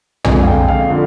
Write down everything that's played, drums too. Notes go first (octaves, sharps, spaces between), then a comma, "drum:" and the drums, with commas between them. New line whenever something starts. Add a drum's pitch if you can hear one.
F2 D3 F3 G#3 G#5, drum: tom
F5
G5
F5
D3 F3